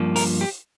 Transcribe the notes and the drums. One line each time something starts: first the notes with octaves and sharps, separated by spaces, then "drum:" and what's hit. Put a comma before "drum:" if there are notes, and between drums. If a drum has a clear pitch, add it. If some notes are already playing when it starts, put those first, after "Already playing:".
Already playing: G2 F3 A#3
A#4, drum: open hi-hat
G4